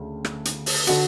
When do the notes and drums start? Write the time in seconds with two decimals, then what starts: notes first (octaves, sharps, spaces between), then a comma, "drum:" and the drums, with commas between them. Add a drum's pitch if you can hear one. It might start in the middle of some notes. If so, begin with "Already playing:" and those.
Already playing: D2 C#3
0.25 drum: rim click
0.45 drum: hi-hat
0.66 drum: open hi-hat
0.87 D3 F#4, drum: hi-hat